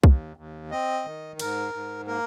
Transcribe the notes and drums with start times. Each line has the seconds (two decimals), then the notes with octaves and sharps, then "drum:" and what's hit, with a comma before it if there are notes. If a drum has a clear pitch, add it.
0.04 D#2, drum: kick C2
0.37 D#2
0.71 C4 D#5
1.06 D#3
1.39 G#2 A#4, drum: cymbal
1.73 G#2
2.07 A#3 A#4